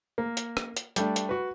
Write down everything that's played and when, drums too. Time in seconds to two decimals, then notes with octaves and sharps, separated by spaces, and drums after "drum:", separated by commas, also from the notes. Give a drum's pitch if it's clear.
0.18 A#3
0.37 drum: hi-hat
0.57 drum: rim click
0.77 drum: hi-hat
0.96 G3 A3 D4, drum: hi-hat
1.16 drum: hi-hat
1.29 F#4 B4